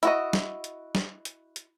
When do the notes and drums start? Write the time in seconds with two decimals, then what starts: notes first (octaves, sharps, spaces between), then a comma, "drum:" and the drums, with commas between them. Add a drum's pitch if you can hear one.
0.03 E4 F#4 D#5, drum: hi-hat
0.33 drum: snare
0.64 drum: hi-hat
0.95 drum: snare
1.25 drum: hi-hat
1.56 drum: hi-hat